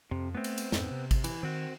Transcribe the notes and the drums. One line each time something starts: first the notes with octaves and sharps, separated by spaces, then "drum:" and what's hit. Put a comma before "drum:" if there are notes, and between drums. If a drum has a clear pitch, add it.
F2 C3
A3 B3 C4
drum: cymbal
drum: cymbal
F2 G#2, drum: snare
C3
drum: kick G#1, cymbal
E3, drum: cymbal
D#3 C4 F#4